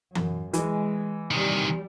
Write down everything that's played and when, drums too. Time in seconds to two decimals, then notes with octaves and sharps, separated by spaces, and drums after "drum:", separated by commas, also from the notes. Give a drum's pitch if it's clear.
0.15 F#2, drum: tom E3
0.53 E3 G#3, drum: hi-hat
1.31 C3 D#3 G3